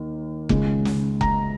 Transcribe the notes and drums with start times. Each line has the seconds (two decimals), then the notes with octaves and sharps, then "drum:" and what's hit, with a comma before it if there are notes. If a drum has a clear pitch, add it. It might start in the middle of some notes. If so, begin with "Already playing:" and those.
Already playing: D#2 D#3
0.49 C#2 C#3 G#3, drum: kick F1
0.85 drum: snare
1.21 A#5, drum: kick F1